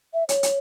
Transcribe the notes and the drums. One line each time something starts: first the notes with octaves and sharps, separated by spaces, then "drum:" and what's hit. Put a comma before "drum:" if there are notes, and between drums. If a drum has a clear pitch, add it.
E5
C#5, drum: hi-hat
drum: hi-hat